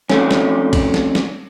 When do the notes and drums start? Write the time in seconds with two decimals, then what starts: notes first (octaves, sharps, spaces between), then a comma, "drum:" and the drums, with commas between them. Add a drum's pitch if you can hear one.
0.10 F2 A3 C#4, drum: snare
0.31 drum: snare
0.73 drum: kick, cymbal
0.94 drum: snare
1.15 drum: snare